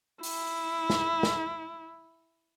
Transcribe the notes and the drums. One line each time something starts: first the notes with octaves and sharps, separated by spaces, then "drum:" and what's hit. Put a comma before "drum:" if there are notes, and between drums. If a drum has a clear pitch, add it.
E4, drum: open hi-hat
drum: snare
drum: snare